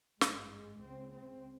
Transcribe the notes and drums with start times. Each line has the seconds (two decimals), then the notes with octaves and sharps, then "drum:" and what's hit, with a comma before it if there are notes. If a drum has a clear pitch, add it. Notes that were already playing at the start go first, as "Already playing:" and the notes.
0.21 G#1 G2 G#3, drum: snare
0.51 G#3
0.81 C#2 C#3 C4
1.11 C4